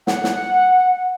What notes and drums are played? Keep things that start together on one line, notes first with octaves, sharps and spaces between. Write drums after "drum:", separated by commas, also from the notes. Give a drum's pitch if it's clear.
F#5, drum: snare
drum: snare